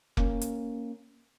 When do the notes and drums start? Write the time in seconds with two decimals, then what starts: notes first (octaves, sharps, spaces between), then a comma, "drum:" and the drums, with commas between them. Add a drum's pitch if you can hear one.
0.17 A#3 C#4, drum: kick F1
0.41 drum: hi-hat